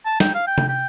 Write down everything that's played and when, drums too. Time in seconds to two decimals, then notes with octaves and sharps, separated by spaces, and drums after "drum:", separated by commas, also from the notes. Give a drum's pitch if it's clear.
0.05 A5
0.20 G5, drum: snare
0.34 F5
0.47 G5
0.58 drum: tom C3
0.68 G5